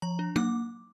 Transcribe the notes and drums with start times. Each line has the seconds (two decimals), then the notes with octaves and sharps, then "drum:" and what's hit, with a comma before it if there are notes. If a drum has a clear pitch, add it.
0.02 F3 A#5
0.19 D4
0.36 A#3 D6, drum: tom